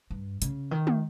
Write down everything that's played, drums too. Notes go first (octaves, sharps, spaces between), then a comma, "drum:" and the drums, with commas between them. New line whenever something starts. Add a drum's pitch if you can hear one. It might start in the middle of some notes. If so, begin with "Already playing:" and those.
G2
C#3, drum: hi-hat
D#3
drum: tom